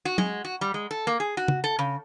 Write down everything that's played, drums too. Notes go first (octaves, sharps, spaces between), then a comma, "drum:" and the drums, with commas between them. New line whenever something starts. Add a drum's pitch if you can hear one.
F#4
G#3, drum: tom
F#4
G3
G#3
A4
A#3
G#4
F#4
drum: tom
A4
C#3